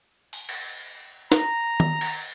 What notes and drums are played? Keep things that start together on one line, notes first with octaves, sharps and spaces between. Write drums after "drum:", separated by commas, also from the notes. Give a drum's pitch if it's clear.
drum: open hi-hat
drum: cymbal
A#5, drum: snare
drum: tom D#3
drum: cymbal